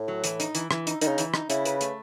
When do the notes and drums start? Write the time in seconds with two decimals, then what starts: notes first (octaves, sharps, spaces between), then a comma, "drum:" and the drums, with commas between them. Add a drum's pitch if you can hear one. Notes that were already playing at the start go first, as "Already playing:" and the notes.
Already playing: A2
0.08 F#3
0.24 E3, drum: hi-hat
0.40 D#4, drum: hi-hat
0.55 E3, drum: hi-hat
0.71 E3, drum: rim click
0.87 D#4, drum: hi-hat
1.01 D#3 D#4, drum: hi-hat
1.08 C#3
1.18 E3, drum: hi-hat
1.34 D#4, drum: rim click
1.50 C#3 E4, drum: hi-hat
1.65 B4, drum: hi-hat
1.81 A3, drum: hi-hat